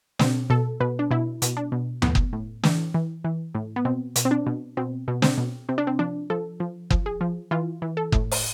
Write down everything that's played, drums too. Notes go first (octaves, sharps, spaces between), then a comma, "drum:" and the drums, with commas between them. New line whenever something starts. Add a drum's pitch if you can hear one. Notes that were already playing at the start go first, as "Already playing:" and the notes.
B2 C4, drum: snare
B2 A4
B2 B4
D4
B2 E4
B2, drum: hi-hat
D4
B2
A2 B3, drum: tom D#2
drum: kick F#1
A2
E3, drum: snare
E3
E3
A2
B3
B2 C4
B2, drum: hi-hat
C4
D4
B2
B2 C4
B2
C4, drum: snare
B2
C3 C4
D4
C4
F3 D4
F3 A4
F3
F3, drum: kick F#1
G#4
F3
E3 F4
E3
A4
A2, drum: kick F#1
drum: open hi-hat